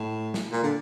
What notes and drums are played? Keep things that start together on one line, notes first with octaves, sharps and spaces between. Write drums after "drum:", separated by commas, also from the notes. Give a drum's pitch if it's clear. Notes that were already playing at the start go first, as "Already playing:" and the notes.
Already playing: A2
drum: snare
A#2
D3